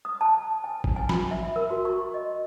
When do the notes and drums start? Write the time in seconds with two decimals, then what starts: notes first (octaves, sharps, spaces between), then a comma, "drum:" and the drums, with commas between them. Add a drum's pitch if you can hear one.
0.05 D#6
0.21 A5
0.64 G#5
0.84 drum: kick A1
0.96 G#5
1.09 B5, drum: snare
1.31 E5
1.56 A#4
1.70 F#4
1.85 C#6
2.14 D#5